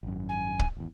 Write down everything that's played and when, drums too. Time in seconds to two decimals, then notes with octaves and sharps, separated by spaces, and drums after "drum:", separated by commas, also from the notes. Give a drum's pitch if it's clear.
0.03 G#1 F#2
0.29 G#5
0.59 drum: kick
0.77 G#1 E2